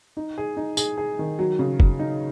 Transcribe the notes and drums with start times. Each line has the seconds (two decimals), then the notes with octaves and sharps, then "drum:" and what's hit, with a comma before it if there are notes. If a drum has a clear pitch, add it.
0.17 D#4
0.38 G#4
0.57 D#4
0.77 G#4, drum: tambourine
0.98 G#4
1.19 D#3
1.39 F#3
1.59 C#3
1.80 F#3, drum: kick
1.99 D#4